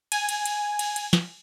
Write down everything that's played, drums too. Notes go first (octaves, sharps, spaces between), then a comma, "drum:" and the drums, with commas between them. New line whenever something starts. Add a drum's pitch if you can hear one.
G#5, drum: cymbal
drum: cymbal
drum: cymbal
drum: cymbal
drum: cymbal
drum: snare